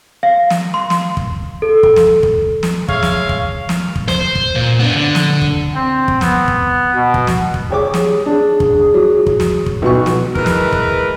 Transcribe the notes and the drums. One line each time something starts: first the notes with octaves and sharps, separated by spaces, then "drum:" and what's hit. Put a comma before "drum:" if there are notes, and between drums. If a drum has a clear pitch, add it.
F5
drum: snare
C6
drum: snare
drum: kick
A4
drum: kick
drum: snare
drum: kick
drum: snare
G#3 C#5 E5 F5, drum: kick
drum: snare
drum: kick
drum: snare
drum: kick
C5, drum: snare
drum: kick
A#2
B3 D4
D3
drum: snare
drum: kick
C4
drum: kick
B3, drum: snare
drum: kick
B2
drum: kick
drum: snare
drum: kick
G4 G#4 C#5 D6
drum: snare
D4 G#4
drum: kick
F#3
drum: kick
drum: snare
drum: kick
B1 F#4 B4 C#6
drum: snare
E3 G#3 A#4 B4, drum: kick
drum: snare
drum: kick